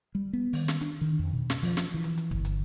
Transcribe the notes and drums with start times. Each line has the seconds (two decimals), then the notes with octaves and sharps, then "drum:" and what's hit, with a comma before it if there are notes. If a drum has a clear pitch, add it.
0.15 G3
0.33 B3
0.53 D#3, drum: open hi-hat
0.68 drum: snare
0.81 D4, drum: hi-hat
1.01 D#3
1.19 F2
1.33 B2
1.50 drum: snare
1.63 F3, drum: open hi-hat
1.77 drum: snare
1.94 E3
2.04 drum: hi-hat
2.18 drum: hi-hat
2.31 G1, drum: kick
2.45 drum: hi-hat